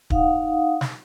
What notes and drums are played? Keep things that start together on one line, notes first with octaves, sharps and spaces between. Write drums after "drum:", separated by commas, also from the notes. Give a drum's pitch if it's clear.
D#4 F5 F#5 D#6, drum: kick
drum: snare